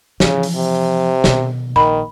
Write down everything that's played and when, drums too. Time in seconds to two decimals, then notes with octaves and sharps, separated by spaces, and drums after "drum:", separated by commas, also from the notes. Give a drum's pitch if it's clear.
0.20 C#3 E3 F3, drum: snare
0.43 drum: open hi-hat
0.56 C3
1.24 B2 D#3, drum: snare
1.76 A#1 D#3 B5